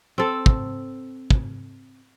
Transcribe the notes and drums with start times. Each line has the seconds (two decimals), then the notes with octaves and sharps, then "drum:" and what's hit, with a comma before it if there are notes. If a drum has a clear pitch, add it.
0.18 C4 A4
0.46 drum: kick
1.30 drum: kick